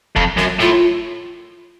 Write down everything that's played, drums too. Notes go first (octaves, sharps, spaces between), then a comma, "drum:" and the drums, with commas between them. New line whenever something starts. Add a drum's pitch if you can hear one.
F2, drum: kick F1
F#2, drum: snare
A2 F4